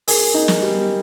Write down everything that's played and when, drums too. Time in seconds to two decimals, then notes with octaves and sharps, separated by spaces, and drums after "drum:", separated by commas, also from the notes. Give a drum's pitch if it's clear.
0.08 G#4 A#4, drum: open hi-hat
0.34 D#4
0.48 drum: snare
0.62 G3